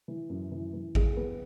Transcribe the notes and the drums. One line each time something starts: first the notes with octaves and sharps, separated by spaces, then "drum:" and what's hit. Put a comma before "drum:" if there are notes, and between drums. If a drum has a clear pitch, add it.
E3
F#2
E3
E3
G#4, drum: kick A1
B3